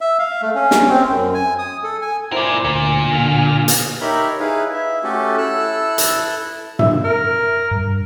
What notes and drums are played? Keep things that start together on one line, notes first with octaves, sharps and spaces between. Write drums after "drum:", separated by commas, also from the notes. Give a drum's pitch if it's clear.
E5
F5
A3
C#4
drum: snare
C4
F#2
G#5
D#6
A4
G#5
E4 A#4 C5 D5 G#5
D2 A#2
D3 F6
drum: hi-hat
D#4 G4 A#4 C#5 E5 B5
D#4 E4 G#4 B4 F5
E5
A3 C#4 F#4 G4 A4
E4 A4 E6 F#6
drum: hi-hat
E5, drum: tom G2
A#4
G2